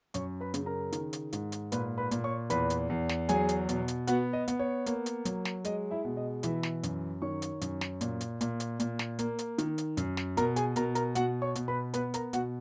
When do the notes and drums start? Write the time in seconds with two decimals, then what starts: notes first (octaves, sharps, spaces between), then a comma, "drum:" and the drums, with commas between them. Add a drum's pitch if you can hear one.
0.14 F#2 C#5 C#6, drum: hi-hat
0.40 B4 B5
0.54 C#3, drum: hi-hat
0.66 A#4 A#5
0.92 D#3, drum: hi-hat
1.13 drum: hi-hat
1.33 G#2, drum: hi-hat
1.52 drum: hi-hat
1.72 A#2 B4 B5, drum: hi-hat
1.98 B4 B5
2.11 A#2, drum: hi-hat
2.24 C#5 C#6
2.50 E2 B4 B5, drum: hi-hat
2.70 drum: hi-hat
2.90 E2
3.09 drum: snare
3.29 F#3 G#4 G#5, drum: hi-hat
3.49 drum: hi-hat
3.69 B2, drum: hi-hat
3.88 drum: hi-hat
4.07 B3 F#4 F#5, drum: hi-hat
4.33 D#5
4.48 B3, drum: hi-hat
4.59 C#5
4.86 A#3, drum: hi-hat
5.06 drum: hi-hat
5.25 F#3, drum: hi-hat
5.45 drum: snare
5.64 G#3 D#5, drum: hi-hat
5.91 E4 E5
6.05 B2
6.17 D#5
6.43 E3 E4 E5, drum: hi-hat
6.63 drum: snare
6.83 F#2, drum: hi-hat
7.22 D#3 C#5 C#6
7.42 drum: hi-hat
7.61 F#2, drum: hi-hat
7.81 drum: snare
8.01 A#2, drum: hi-hat
8.21 drum: hi-hat
8.41 A#2, drum: hi-hat
8.60 drum: hi-hat
8.80 A#2, drum: hi-hat
8.99 drum: snare
9.19 A#3, drum: hi-hat
9.39 drum: hi-hat
9.58 D#3, drum: hi-hat
9.78 drum: hi-hat
9.97 F#2, drum: hi-hat
10.17 drum: snare
10.37 B2 A#4 A#5, drum: hi-hat
10.56 G#4 G#5, drum: hi-hat
10.76 B2 A#4 A#5, drum: hi-hat
10.95 A#4 A#5, drum: hi-hat
11.15 B2 F#4 F#5, drum: hi-hat
11.42 C#5 C#6
11.55 B2, drum: hi-hat
11.68 B4 B5
11.94 B3 B4 B5, drum: hi-hat
12.14 A#4 A#5, drum: hi-hat
12.33 B2 F#4 F#5, drum: hi-hat